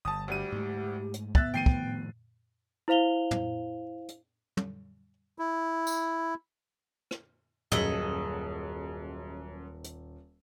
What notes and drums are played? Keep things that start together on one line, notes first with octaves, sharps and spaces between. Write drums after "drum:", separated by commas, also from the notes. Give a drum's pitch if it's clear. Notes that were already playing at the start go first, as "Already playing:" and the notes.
G1 A5 D#6
D2 G3 G4 D#7
G#2 A3
drum: hi-hat
B3 E5 F#6 A6, drum: kick
A2 D#3 F3 G5 C7 D#7
drum: kick
E4 C5 F5 F7 G7
drum: tom
drum: hi-hat
drum: tom
E4
drum: tambourine
drum: rim click
D#1 F#2 G#4 A4 D#5 B6 F#7, drum: tom
drum: hi-hat